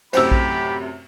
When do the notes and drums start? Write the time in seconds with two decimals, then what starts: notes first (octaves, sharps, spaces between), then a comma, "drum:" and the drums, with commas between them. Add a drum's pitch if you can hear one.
0.13 F#2 A2 C3 G4 C5 B5 E6, drum: cymbal
0.32 drum: kick A#1